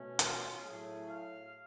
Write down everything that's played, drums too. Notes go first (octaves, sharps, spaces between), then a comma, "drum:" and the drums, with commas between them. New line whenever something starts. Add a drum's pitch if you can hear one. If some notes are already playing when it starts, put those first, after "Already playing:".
Already playing: B2 A3 C#4
F4, drum: hi-hat
A2 F#3 A3 G#4
F5